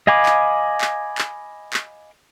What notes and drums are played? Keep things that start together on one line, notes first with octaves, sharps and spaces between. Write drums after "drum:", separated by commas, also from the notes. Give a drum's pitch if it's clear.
D#5 F5 G#5 B5 D6
drum: clap
drum: clap
drum: clap
drum: clap